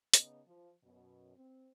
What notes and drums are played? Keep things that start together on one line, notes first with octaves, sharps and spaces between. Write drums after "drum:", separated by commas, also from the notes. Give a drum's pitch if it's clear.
C#3 B3 D#4, drum: hi-hat
F3
F#2 B2
C4